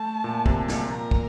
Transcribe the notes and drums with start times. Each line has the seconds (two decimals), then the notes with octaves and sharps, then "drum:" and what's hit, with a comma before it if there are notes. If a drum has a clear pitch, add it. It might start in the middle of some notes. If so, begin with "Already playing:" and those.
Already playing: A3 A5
0.24 A#2
0.46 C3, drum: kick
0.68 A#2, drum: snare
0.89 A#2 A#4
1.11 drum: kick